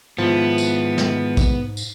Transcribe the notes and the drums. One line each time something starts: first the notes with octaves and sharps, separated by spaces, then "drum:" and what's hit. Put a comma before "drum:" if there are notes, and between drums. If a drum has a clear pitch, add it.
G#2 D#3 F3 G#3 B3 E4
drum: tambourine
drum: snare
drum: kick A#1, tambourine
drum: tambourine